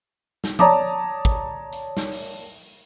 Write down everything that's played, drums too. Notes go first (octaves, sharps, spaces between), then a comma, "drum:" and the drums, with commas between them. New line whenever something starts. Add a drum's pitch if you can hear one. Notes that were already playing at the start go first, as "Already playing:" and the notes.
drum: snare
C#5 D5 A5 A#5 D6 D#6, drum: tom F3
drum: kick
drum: hi-hat
drum: snare
drum: open hi-hat